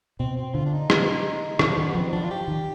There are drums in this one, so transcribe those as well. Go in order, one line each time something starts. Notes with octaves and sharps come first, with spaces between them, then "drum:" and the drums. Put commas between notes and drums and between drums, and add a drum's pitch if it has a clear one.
B2 C4
C4
D3 F4
D4
D#4
drum: rim click
D#3 D4, drum: rim click
D#3 B3
F3 C4
D#4
F3 D4
F4
G4
D#3